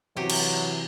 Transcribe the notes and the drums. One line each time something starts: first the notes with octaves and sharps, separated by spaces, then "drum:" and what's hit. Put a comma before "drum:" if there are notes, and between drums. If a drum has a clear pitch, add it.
C3 E3 F#3 G4
drum: cymbal